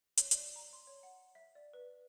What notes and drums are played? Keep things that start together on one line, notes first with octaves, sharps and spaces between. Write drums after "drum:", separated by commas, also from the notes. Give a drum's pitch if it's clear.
C#5, drum: hi-hat
D5, drum: hi-hat
A#5
C6
C#5
F#5
E5
D5
B4